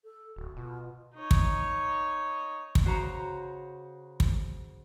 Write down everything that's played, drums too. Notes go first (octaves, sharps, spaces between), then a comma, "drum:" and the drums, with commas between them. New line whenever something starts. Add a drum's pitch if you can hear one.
A4
D1 F#4
B2 F4
D#4 C#5
drum: kick
drum: kick
C#3 F#4 C5 C#5 A#5 B5
drum: kick